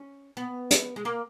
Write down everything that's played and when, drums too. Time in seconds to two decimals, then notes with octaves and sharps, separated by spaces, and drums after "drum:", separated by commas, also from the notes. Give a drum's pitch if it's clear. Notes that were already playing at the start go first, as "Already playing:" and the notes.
Already playing: C#4
0.37 B3
0.71 drum: hi-hat
0.96 G#3
1.05 A#3